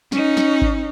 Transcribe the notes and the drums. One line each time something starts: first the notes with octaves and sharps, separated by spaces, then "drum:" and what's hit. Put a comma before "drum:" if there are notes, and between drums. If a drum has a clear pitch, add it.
C#4 D#4, drum: snare
drum: snare
drum: kick G#1